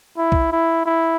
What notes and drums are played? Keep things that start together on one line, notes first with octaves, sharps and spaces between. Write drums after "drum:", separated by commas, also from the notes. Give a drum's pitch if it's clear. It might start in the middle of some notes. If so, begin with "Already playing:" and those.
E4
drum: kick
E4
E4